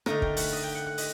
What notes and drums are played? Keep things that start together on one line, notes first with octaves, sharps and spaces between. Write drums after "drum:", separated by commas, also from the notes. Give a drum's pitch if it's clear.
D3 A3 D#4 A#4, drum: rim click
G5, drum: kick
F#5, drum: open hi-hat
D#5
G5
F#5
F#5
D#5, drum: open hi-hat